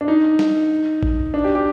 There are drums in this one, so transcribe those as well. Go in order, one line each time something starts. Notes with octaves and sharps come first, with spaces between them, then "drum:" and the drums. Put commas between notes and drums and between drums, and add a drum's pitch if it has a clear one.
D4
D#4
drum: snare
drum: kick A1
D4
G4
G4